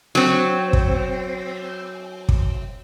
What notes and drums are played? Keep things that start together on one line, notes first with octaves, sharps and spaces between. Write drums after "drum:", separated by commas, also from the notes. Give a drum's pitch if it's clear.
F#3 C4
drum: kick
drum: kick